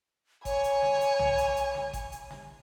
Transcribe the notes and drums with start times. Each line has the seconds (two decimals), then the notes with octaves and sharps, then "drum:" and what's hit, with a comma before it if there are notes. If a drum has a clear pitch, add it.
0.45 C#5 G#5, drum: kick G1, hi-hat
0.64 drum: hi-hat
0.82 drum: snare
1.01 drum: hi-hat
1.19 drum: tom B1
1.38 drum: hi-hat
1.56 drum: hi-hat
1.75 drum: snare
1.93 drum: kick G1, hi-hat
2.12 drum: hi-hat
2.30 drum: snare